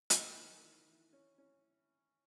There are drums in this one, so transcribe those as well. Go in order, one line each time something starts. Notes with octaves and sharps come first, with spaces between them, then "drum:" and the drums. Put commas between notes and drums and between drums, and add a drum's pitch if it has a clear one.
A#3, drum: hi-hat
D#3
E3
E3
C#4
C#4